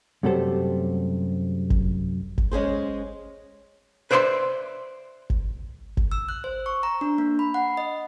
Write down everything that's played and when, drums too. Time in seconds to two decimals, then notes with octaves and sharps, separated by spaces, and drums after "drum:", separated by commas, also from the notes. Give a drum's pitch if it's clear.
0.23 F#2 C3 G3 A3 A4 C5
1.70 drum: kick G1
2.38 drum: kick G1
2.52 G#3 C#4 G#4 C5
4.11 B4 C5 D5 E5 B5 C6
5.30 drum: kick G1
5.97 drum: kick G1
6.12 E6
6.29 F#6
6.44 C5
6.66 C#6
6.83 A#5
7.01 D4
7.18 A#3
7.39 B5
7.54 F#5
7.77 D#5